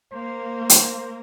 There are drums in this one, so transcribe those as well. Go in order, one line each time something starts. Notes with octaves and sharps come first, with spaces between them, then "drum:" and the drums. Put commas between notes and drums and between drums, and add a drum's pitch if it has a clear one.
A#3 C5
drum: hi-hat